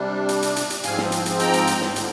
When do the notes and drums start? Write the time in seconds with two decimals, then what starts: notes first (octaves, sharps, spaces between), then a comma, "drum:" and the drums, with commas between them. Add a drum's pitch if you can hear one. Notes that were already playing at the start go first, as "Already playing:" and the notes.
Already playing: C3 G3 D4
0.29 drum: hi-hat
0.42 drum: hi-hat
0.56 drum: hi-hat
0.70 drum: hi-hat
0.83 G#2 F3 C4 F5 G#5, drum: hi-hat
0.98 drum: snare
1.12 drum: hi-hat
1.26 drum: hi-hat
1.39 G5 A#5, drum: hi-hat
1.53 drum: hi-hat
1.67 drum: hi-hat
1.81 drum: snare
1.96 D3 F3, drum: hi-hat